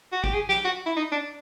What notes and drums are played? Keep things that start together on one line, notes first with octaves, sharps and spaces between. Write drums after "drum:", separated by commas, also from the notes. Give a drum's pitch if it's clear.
F#4
G4, drum: kick G#1
G#4
G4, drum: snare
F#4
E4
D#4
D4